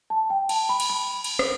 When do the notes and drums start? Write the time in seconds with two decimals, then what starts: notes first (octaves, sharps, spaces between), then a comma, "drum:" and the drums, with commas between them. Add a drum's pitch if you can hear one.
0.10 A5
0.30 G5
0.49 A5, drum: cymbal
0.69 B5
0.80 drum: cymbal
0.90 B5
1.24 drum: cymbal
1.39 drum: rim click